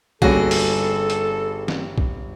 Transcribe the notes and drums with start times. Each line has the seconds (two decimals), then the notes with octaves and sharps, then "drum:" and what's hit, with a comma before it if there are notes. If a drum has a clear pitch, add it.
0.22 G1 G3 A#3 C#4 F#4 G#4 A4 A#6, drum: kick B1
0.51 drum: open hi-hat
1.10 drum: hi-hat
1.68 drum: snare
1.98 drum: kick B1